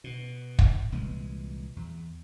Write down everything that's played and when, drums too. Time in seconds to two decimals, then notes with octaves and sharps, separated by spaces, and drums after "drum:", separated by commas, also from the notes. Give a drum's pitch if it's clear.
0.04 B2
0.59 drum: kick
0.92 C2 A#2 E3 G#3
1.76 E2